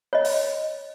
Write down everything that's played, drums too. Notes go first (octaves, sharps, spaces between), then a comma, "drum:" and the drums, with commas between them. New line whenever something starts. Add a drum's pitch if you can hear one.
C#5 D#5
drum: open hi-hat